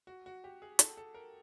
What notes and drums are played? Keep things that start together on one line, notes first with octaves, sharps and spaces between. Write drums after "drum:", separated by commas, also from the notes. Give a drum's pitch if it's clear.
F#4
F#4
G4
G#4
A4, drum: hi-hat
A4
A#4